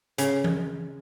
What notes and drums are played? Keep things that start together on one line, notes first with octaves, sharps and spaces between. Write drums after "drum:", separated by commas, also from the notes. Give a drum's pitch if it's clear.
C#3, drum: hi-hat
drum: tom E3